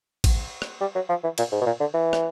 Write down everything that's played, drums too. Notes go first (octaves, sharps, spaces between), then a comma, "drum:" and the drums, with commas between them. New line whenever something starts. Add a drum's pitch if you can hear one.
drum: kick A1, cymbal
drum: rim click
G3
F#3
F3
E3
A#2, drum: cymbal
G#2
B2
A#2
D3
E3
drum: rim click